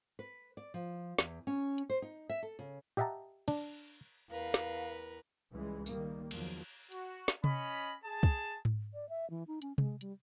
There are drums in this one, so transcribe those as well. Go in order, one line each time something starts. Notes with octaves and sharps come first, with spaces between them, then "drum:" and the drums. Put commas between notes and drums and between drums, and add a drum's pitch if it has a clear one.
B4
D5
F3
E2, drum: snare
C#4
drum: hi-hat
C5
D#4
E5
A4
C#3
G4 D#5 E5 F#5 A5 A#5
D4, drum: cymbal
E2 A#4 B4 F5
drum: snare
C#2 E3 G3 G#3
D#3 G3 A#3, drum: tambourine
E2 D#3 F3 F#3, drum: cymbal
F#4, drum: hi-hat
drum: snare
C#4 D#5 B5, drum: tom C3
G#4 A5
drum: kick
drum: tom G#2
D5
E5
E3
D#4
C#4, drum: hi-hat
G#3, drum: tom C3
G3, drum: hi-hat